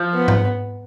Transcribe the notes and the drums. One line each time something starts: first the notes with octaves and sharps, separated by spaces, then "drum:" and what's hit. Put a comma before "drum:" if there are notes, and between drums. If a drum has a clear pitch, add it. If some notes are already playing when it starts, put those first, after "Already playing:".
Already playing: F3
B3
drum: tom G#2